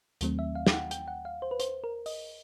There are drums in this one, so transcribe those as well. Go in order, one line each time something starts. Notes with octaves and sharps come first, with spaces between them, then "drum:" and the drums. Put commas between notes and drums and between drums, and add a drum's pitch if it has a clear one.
D#2 D#3 F#3 A3 C4, drum: hi-hat
E5
F5
G5, drum: snare
F#5
G5, drum: hi-hat
F#5
F5
C5
B4
C5, drum: hi-hat
A#4
D#5, drum: open hi-hat